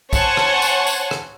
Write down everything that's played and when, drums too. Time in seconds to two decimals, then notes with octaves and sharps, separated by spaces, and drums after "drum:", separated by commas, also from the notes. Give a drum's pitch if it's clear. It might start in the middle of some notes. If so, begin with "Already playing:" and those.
0.13 C5 C#5 F#5 G#5 A5 C#6, drum: kick, tambourine
0.37 drum: rim click
0.62 drum: tambourine
0.87 drum: tambourine
1.11 drum: rim click